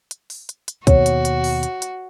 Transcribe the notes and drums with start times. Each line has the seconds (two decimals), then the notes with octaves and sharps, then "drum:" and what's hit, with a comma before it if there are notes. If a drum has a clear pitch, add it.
0.11 drum: hi-hat
0.30 drum: open hi-hat
0.49 drum: hi-hat
0.68 drum: hi-hat
0.87 D#2 B2 F#4 C#5, drum: kick, hi-hat
1.06 drum: hi-hat
1.25 drum: hi-hat
1.44 drum: open hi-hat
1.63 drum: hi-hat
1.82 drum: hi-hat